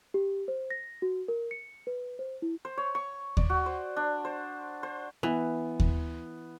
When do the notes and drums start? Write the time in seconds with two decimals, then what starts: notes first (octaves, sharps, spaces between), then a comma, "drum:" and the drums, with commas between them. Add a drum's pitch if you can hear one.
0.14 G4
0.48 C5
0.70 A#6
1.02 F#4
1.28 A#4
1.51 C#7
1.87 B4
2.19 C5
2.42 E4
2.65 C5
2.77 C#5
2.95 C#6
3.37 D5, drum: kick D#2
3.50 F#4
3.66 C5
3.97 D4
4.25 C5
4.83 C5
5.23 E3 B3
5.80 drum: kick D#2